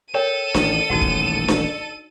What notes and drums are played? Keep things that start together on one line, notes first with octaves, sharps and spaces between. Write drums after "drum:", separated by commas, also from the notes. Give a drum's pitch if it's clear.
A4 A#4 C#5 G5 D#7
A1 A2 D#3, drum: snare D4
D#1 A1 C#3 D#4 F#4 F#5
drum: kick
drum: snare D4